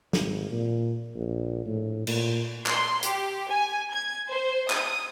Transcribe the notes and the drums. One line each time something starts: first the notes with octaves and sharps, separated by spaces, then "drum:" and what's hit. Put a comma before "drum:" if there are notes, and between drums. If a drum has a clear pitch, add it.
G#1, drum: snare
A#2
A#1
A2
A#2, drum: cymbal
C6, drum: clap
G4, drum: hi-hat
G#5
G#6
C5
D#6, drum: clap